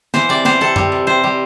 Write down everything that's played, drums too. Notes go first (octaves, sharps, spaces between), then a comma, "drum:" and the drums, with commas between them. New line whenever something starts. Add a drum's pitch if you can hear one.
E3 C5, drum: snare
C3 D5
G3 C5, drum: snare
C3 A4
G3, drum: tom F#2
C3
C3 C5
G3